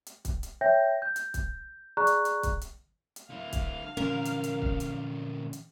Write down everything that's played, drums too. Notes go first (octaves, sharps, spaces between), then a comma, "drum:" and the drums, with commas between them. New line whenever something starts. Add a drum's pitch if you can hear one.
drum: hi-hat
drum: kick, hi-hat
drum: hi-hat
C#5 E5 G5 G6 A#6
G6
drum: hi-hat
drum: kick, hi-hat
G#4 D5 A#5 C#6 F#6
drum: hi-hat
drum: hi-hat
drum: kick, hi-hat
drum: hi-hat
drum: hi-hat
D3 E4 F5
drum: kick, hi-hat
A#2 D3 E3 C#4 A#4
drum: hi-hat
drum: hi-hat
drum: kick
drum: hi-hat
drum: hi-hat